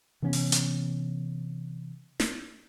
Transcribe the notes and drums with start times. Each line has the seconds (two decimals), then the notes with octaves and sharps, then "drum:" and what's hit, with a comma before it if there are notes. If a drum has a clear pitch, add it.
0.22 C3 E3 B3 C#4
0.33 drum: open hi-hat
0.52 drum: hi-hat
2.20 drum: snare